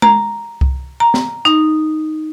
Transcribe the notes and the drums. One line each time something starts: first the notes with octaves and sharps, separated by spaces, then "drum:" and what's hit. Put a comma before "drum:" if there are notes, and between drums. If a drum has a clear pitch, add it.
A#5, drum: tom G#3
drum: kick C2
A#5
drum: snare
D#4